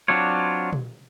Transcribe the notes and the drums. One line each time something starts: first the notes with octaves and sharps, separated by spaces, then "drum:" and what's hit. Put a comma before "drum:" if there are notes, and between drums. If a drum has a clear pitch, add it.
F#3 C4 D4 F4 C#5
drum: tom